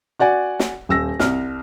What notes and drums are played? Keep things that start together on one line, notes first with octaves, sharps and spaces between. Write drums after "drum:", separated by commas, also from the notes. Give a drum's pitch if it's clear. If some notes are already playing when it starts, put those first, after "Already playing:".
F#4 D5 F#5 G#5
drum: snare
D#1 E6 A#6
C2 F6, drum: snare